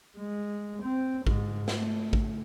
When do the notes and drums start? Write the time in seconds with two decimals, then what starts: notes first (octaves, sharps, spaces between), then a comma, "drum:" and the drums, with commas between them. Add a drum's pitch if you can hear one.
0.18 G#3
0.83 C4
1.27 G#2, drum: kick A1
1.68 A3, drum: snare
2.13 drum: kick A1